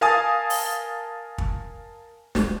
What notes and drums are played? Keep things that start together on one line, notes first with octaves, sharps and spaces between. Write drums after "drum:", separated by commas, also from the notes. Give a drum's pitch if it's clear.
A#4 F5 G#5 A5 D#6 A6
drum: open hi-hat
drum: kick
drum: snare